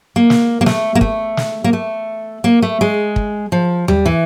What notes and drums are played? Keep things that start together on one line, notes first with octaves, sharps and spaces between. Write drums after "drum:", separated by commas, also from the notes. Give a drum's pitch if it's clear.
A#3
drum: snare
A#3
A3, drum: snare
A#3
A3, drum: kick
drum: snare
A#3
A3
A#3
A3
G#3
drum: kick
F3
G3, drum: tom D#2
E3